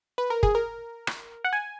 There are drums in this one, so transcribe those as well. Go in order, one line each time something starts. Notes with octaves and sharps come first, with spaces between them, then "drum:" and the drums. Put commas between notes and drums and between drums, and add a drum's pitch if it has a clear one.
B4
A#4
G#4, drum: kick
A#4
drum: rim click
F#5
G#5